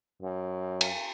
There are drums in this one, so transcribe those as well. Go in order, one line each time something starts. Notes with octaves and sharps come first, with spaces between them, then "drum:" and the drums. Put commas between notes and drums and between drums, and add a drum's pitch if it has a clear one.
F#2
drum: cymbal